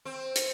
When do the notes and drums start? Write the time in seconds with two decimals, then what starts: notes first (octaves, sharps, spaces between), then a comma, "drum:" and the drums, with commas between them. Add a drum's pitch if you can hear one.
0.05 C4
0.36 drum: hi-hat